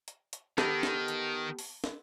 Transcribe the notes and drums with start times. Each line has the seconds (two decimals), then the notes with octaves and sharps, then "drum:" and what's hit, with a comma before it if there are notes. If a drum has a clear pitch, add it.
0.08 drum: hi-hat
0.33 drum: hi-hat
0.58 D#3 B3 G4 A4, drum: snare
0.83 drum: snare
1.08 drum: hi-hat
1.59 drum: open hi-hat
1.84 drum: snare